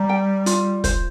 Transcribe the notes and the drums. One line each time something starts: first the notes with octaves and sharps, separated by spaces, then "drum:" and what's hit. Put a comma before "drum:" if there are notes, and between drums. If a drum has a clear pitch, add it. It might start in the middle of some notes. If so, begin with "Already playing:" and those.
Already playing: G3 A#5
G5
F4, drum: hi-hat
C5, drum: kick, hi-hat